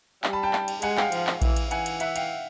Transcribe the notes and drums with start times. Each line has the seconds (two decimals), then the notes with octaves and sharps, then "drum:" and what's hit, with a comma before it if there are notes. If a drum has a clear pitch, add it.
0.24 G3, drum: clap
0.33 A5 B5
0.43 G5 A5
0.53 drum: clap
0.68 drum: cymbal
0.82 G#3 F#5 G#5, drum: cymbal
0.97 F5 G5, drum: clap
1.12 F3, drum: cymbal
1.27 drum: clap
1.42 E3, drum: kick A#1, cymbal
1.56 drum: cymbal
1.71 E3 F#5 G#5, drum: cymbal
1.86 drum: cymbal
2.00 E5 F#5, drum: cymbal
2.16 F5 G5, drum: cymbal